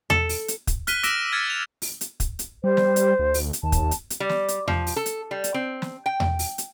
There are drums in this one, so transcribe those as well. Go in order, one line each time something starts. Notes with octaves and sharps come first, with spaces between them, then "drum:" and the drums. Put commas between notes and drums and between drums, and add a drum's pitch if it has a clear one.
A4, drum: tom E2
drum: open hi-hat
drum: hi-hat
drum: kick, hi-hat
F6 F#6 B6 D#7 G7, drum: hi-hat
D6 E6 A#6 B6 D7 E7, drum: hi-hat
F6 G#6 A6 C#7
F7
drum: open hi-hat
drum: hi-hat
drum: kick, hi-hat
drum: hi-hat
G3 C5
drum: snare
drum: hi-hat
D2
drum: open hi-hat
drum: hi-hat
D#2 A5
drum: kick, hi-hat
drum: hi-hat
drum: hi-hat
G3
drum: snare
drum: hi-hat
F3, drum: tom E2
drum: open hi-hat
A4
drum: hi-hat
G3
drum: hi-hat
C4
drum: snare
G5
drum: tom E2
drum: open hi-hat
drum: hi-hat